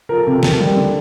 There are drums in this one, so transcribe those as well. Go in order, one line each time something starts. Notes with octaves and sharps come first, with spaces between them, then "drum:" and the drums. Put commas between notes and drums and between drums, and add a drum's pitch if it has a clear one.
F3 A#4
A4
C3
D#2, drum: snare
G3
D3